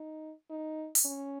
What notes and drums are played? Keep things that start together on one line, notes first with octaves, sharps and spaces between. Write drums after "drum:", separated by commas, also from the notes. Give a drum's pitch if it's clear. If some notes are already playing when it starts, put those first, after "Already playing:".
Already playing: D#4
D#4
drum: open hi-hat
C#4